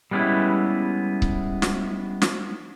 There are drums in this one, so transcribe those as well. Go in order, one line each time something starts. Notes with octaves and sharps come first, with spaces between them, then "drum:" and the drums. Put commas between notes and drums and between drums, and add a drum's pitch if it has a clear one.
G3 G#3 B3 C#4 E4
drum: kick C#1
drum: snare
drum: snare